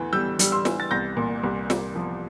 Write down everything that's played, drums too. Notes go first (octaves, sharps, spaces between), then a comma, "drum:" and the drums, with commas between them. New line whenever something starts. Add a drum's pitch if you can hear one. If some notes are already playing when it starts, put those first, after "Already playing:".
Already playing: D2 E3
G3 E6 G6
G3, drum: hi-hat
C6 E6
E3, drum: snare
A6
C2 G6 A#6
A#2
C2
C2, drum: snare
F3